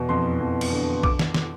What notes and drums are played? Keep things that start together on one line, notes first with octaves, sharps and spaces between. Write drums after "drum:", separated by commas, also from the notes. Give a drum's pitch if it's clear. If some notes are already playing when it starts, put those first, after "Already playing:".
Already playing: E2 B2
F2 C6
F2
drum: cymbal
D3
D6, drum: kick A#1
drum: snare
drum: snare